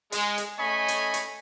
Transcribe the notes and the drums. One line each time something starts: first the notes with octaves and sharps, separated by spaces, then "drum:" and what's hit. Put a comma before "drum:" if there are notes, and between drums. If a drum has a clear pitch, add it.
G#3, drum: hi-hat
drum: hi-hat
A3 C#4 D#5 G#5 B5 C#6
drum: hi-hat
drum: hi-hat